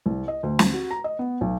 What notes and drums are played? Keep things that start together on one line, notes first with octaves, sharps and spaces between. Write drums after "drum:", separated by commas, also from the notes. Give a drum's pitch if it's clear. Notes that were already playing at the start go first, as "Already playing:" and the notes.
C2
D#5
D2
drum: snare
F#4
A#5
D#5
B3
B1